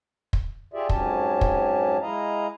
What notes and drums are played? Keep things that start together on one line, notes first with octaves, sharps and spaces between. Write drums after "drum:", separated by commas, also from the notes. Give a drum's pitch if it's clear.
drum: kick
F4 G4 G#4 D5 E5
F2 G#2 F#3 C#4 G4 A5, drum: kick
drum: kick
G#3 E4 D#5 F5 A#5